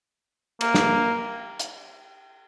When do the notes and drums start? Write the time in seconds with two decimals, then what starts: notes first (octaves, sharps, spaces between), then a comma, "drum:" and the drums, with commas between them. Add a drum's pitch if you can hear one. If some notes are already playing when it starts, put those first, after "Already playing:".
0.61 A#3, drum: cymbal
0.75 drum: snare
1.59 drum: hi-hat